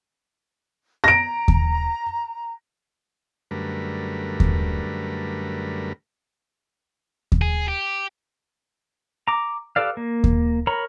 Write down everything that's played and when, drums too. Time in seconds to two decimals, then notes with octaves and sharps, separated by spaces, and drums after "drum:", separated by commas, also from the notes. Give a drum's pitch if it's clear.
1.04 A#5 A#6 D7
1.48 drum: kick D#2
3.51 F#2 D3 G3 A3 A#4 B4
4.40 drum: kick D#2
7.32 drum: kick D#2
7.42 G#4
7.68 G4
9.28 A#5 D6
9.76 G4 A4 B4 D5 F5
9.97 A#3
10.24 drum: kick D#2
10.67 A#4 C#5 A#5 B5